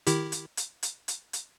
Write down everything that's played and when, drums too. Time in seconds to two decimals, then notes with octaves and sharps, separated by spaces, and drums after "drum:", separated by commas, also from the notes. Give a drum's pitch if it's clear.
0.07 D#3 E4 G4, drum: hi-hat
0.32 drum: hi-hat
0.57 drum: hi-hat
0.83 drum: hi-hat
1.08 drum: hi-hat
1.33 drum: hi-hat